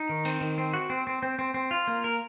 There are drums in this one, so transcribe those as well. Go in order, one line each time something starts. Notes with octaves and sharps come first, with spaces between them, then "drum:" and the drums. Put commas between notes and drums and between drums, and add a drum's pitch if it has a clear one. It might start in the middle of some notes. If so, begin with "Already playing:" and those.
Already playing: D#4
D#3
C4, drum: tambourine
D#3
C4
F#4
C4
C4
C4
C4
C4
F4
A#3
A#4